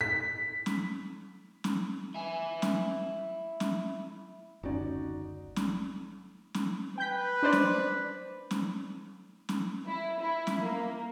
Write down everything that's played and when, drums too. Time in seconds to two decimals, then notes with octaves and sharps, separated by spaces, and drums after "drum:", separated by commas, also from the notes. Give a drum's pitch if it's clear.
0.01 B6
0.66 drum: snare
1.64 drum: snare
2.14 E4 G#5
2.62 drum: snare
3.60 drum: snare
4.63 F#1 D2 C#4 D#4 F#4 D5
5.56 drum: snare
6.54 drum: snare
6.98 B4 G5 G6 B6
7.43 D4 C5 D5
7.53 drum: snare
8.51 drum: snare
9.49 drum: snare
9.86 E4
10.18 E4
10.47 drum: snare
10.62 A#3